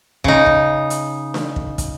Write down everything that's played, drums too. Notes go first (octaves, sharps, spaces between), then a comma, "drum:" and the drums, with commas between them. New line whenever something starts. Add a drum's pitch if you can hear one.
C#3 D#4, drum: kick
drum: kick
drum: hi-hat
drum: snare D4
drum: kick
drum: kick, hi-hat